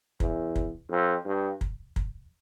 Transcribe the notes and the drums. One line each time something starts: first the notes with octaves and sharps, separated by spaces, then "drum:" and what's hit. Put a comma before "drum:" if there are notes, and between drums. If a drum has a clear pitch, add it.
E2, drum: kick
drum: kick
F2
G2
drum: kick
drum: kick